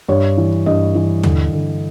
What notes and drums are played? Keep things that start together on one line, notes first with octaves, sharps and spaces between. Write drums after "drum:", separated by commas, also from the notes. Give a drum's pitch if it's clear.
G2 C#5
E3
G2 D#5
E3
D3, drum: tom D#2
D3